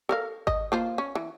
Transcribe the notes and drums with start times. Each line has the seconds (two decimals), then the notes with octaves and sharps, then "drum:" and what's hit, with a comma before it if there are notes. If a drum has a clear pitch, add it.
0.09 A4 A#4 F5
0.47 D#5, drum: kick G#1
0.72 A#3 F4 C5
0.98 C#4
1.15 E3